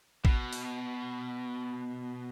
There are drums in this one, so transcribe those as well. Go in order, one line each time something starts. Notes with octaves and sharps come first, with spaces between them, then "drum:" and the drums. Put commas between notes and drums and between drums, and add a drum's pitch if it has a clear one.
B2, drum: kick A1
drum: open hi-hat